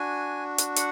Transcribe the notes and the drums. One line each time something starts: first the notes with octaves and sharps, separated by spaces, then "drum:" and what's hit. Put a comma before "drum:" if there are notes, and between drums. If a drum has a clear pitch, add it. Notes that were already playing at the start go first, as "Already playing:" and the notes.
Already playing: D4 F#4 G#5
drum: hi-hat
F#5, drum: hi-hat